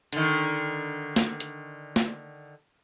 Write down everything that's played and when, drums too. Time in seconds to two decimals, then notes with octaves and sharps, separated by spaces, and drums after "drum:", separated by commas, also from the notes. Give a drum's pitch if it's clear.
0.13 D3 D#3, drum: hi-hat
1.16 drum: snare
1.40 drum: hi-hat
1.96 drum: snare